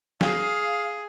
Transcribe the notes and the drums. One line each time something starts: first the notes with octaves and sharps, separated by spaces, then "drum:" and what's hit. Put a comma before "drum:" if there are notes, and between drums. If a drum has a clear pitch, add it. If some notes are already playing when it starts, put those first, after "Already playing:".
G#4 F5, drum: snare